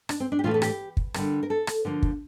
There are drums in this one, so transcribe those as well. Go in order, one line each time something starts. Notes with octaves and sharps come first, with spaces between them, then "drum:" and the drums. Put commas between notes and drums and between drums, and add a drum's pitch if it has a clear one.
D4, drum: rim click
C4
D4
G4
A2 E3 A3 F4
A4
G4, drum: rim click
drum: kick
D3 G3 A#3, drum: rim click
A#4
A4
drum: rim click
D3 F3 A#3
drum: kick